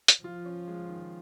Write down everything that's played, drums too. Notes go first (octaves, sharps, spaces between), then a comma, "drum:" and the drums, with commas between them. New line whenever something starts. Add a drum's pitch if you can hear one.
drum: hi-hat
F3 F4
C#4
G#3
D#3